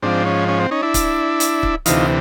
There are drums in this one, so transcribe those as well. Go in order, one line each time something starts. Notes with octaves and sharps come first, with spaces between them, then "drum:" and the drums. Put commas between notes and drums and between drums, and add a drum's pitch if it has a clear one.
G#2 F3 C4 D4
C#4
C#4
C4
C#4 D#4
D4 E4
drum: kick C#1, hi-hat
drum: hi-hat
drum: kick C#1
D2 C3 E3 D#4 F4, drum: hi-hat